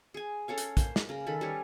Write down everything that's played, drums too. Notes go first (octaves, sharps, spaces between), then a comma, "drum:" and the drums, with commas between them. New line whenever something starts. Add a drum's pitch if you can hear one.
G#4 G#5
C#4 A4 C#5 F5
drum: hi-hat
A#3 C5, drum: kick, hi-hat
drum: snare
C#3 A#4
D#3 A4 B5
G3 C#4 B4 C#5